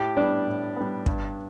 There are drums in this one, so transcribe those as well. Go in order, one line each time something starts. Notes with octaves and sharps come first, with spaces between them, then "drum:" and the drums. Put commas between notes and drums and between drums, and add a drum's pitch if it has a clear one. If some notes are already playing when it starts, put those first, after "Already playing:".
Already playing: A2 G4 G5
G3 B3 D4 D5
A2
G3 B3
G2, drum: kick